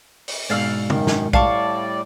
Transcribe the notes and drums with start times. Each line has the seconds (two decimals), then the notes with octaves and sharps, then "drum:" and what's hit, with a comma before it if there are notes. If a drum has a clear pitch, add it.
0.28 drum: open hi-hat
0.50 G#2 B2 D5 F5 E6
0.90 F#2 D#3, drum: tom
1.07 drum: snare
1.33 A2 G3 D5 F5 A5 C#6, drum: kick A#1